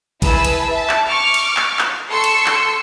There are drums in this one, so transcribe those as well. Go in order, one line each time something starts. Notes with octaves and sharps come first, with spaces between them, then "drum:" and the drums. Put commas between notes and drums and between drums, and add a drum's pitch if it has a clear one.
E4 G#4 B4 A5 E6, drum: kick A#1, cymbal
drum: cymbal
E5 A5
drum: clap
C#6 D6 F6
drum: cymbal
drum: clap
drum: clap
A4 C6 C#6 E6 C#7
drum: cymbal
drum: clap